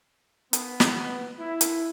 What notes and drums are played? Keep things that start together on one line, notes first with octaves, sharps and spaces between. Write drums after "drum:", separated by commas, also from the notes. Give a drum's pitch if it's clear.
B3, drum: hi-hat
drum: snare
E4
drum: hi-hat